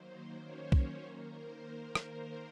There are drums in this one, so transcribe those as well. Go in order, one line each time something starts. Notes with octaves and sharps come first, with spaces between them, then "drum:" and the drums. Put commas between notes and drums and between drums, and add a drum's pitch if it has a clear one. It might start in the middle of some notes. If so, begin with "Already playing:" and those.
Already playing: D#3 F#3 A#3 C5
C#4 C#5
drum: kick
D#3 A#3 A#4
C5
A#4
C5, drum: rim click